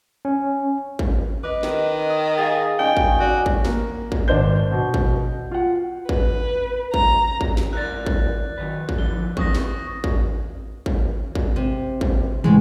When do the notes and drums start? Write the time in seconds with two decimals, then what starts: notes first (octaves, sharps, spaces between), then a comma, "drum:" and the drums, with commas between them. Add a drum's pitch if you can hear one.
0.25 C#4
0.99 drum: kick
1.44 B4 D#5 D6
1.63 D#3, drum: snare
2.10 D#6
2.38 G#4 F5 D#6 A6
2.79 C#4 D#4 C#5 G5
2.97 drum: kick
3.20 F#4 D5
3.46 drum: kick
3.65 A#3, drum: snare
4.12 drum: kick
4.28 G#1 D4 C5 G6
4.71 B2
4.94 drum: kick
5.51 F4 F#5
6.09 B4, drum: kick
6.94 A#5, drum: kick
7.41 drum: kick
7.57 drum: snare
7.73 E4 A#4 D5 F#6 A6
8.06 drum: kick
8.58 D#3 F#3 B4
8.89 drum: kick
8.98 D3 E3 F3 G7
9.37 C4 E4 B4 C#6 D#6 A#6, drum: kick
9.55 drum: snare
10.04 drum: kick
10.86 drum: kick
11.35 drum: kick
11.56 C3
12.01 drum: kick
12.44 A2 C#3 E3 G#3